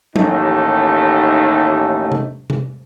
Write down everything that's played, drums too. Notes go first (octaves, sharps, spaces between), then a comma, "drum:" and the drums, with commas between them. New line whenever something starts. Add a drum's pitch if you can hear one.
A1 D#2 A3 D#4, drum: tom F3
drum: tom C3
drum: tom C3